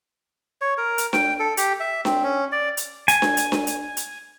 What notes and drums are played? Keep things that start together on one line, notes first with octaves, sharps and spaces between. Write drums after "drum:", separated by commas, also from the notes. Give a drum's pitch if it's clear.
C#5
A#4
drum: hi-hat
G5, drum: snare D4
A4
G4, drum: hi-hat
E5
C4, drum: snare D4
C#4
D5
drum: hi-hat
G#5, drum: hi-hat
drum: snare D4
drum: hi-hat
drum: snare D4
drum: hi-hat
drum: hi-hat